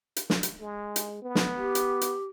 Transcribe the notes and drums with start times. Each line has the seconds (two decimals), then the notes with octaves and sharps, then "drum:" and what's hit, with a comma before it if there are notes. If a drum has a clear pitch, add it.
0.16 drum: hi-hat
0.30 drum: snare
0.43 drum: hi-hat
0.60 G#3
0.96 drum: hi-hat
1.22 B3
1.35 drum: snare
1.57 G4
1.75 drum: hi-hat
2.01 drum: hi-hat